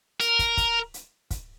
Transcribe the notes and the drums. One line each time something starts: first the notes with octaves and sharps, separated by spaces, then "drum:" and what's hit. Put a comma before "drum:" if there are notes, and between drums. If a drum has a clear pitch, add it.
A#4, drum: hi-hat
drum: kick, hi-hat
drum: kick, hi-hat
drum: hi-hat
drum: kick, hi-hat